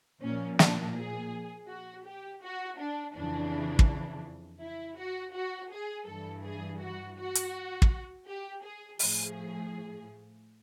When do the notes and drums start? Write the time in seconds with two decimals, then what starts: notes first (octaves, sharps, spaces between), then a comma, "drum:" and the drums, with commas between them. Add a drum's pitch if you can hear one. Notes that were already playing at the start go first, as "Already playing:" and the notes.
0.23 A#2 F3 C#4
0.59 D4, drum: snare
0.96 G#4
1.69 F#4
2.06 G4
2.42 F#4
2.79 D4
3.15 F2 C#3 E3 D4
3.79 drum: kick
4.62 E4
4.98 F#4
5.35 F#4
5.71 G#4
6.07 G2 E3 A4
6.43 G#4
6.80 F#4
7.17 F#4
7.35 drum: hi-hat
7.82 drum: kick
8.26 G4
8.63 G#4
8.99 A2 F3 G#4, drum: open hi-hat